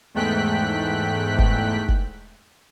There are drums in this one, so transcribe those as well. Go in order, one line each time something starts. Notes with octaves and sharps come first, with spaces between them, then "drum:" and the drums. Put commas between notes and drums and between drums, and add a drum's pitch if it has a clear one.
E2 G#2 A3 G5 F#6 B6
drum: kick F#1
drum: kick F#1